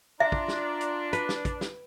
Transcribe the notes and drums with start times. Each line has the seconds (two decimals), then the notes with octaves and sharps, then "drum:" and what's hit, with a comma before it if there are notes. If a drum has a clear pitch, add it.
0.20 D4 F4 E5 A#5
0.32 drum: kick
0.48 drum: snare
0.81 drum: hi-hat
1.13 B4, drum: hi-hat
1.29 drum: snare
1.45 drum: kick, hi-hat
1.61 drum: snare